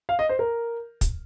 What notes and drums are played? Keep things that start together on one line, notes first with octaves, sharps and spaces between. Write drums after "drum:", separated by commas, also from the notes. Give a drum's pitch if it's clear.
F5
D#5
C5
A#4
drum: kick, hi-hat